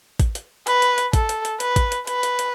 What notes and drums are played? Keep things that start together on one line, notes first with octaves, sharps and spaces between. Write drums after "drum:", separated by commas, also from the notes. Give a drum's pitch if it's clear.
drum: kick A1, hi-hat
drum: hi-hat
B4, drum: hi-hat
drum: hi-hat
drum: hi-hat
A4, drum: kick A1, hi-hat
drum: hi-hat
drum: hi-hat
B4, drum: hi-hat
drum: kick A1, hi-hat
drum: hi-hat
B4, drum: hi-hat
drum: hi-hat
drum: hi-hat